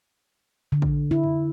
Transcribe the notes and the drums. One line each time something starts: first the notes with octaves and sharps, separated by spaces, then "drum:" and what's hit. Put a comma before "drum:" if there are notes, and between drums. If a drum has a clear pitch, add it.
D3
drum: kick A1
E4
drum: tom F2